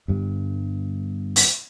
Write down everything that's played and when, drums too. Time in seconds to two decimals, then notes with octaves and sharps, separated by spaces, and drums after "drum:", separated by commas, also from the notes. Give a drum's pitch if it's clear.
0.08 G1 G2
1.36 drum: open hi-hat